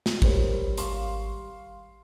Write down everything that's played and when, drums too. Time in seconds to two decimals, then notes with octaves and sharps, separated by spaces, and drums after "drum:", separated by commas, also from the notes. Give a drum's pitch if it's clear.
0.06 drum: snare
0.22 G#1 G3 A#4 C5 C#5, drum: kick
0.78 F5 C6 C#6, drum: hi-hat